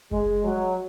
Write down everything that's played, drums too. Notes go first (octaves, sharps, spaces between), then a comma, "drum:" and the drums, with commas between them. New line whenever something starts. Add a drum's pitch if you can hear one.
G#3, drum: kick F#1
F#3